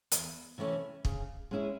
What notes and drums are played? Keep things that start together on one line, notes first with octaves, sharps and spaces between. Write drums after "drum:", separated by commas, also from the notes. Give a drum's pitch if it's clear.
E2, drum: hi-hat
C3 E3 A3 C#4
C#3, drum: kick
G#3 C#4 E4 G#4